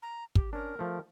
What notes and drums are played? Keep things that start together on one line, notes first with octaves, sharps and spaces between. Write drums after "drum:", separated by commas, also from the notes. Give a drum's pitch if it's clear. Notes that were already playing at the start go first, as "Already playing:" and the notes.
A#5
G4, drum: kick
C#4 D4 A#4
F3 A3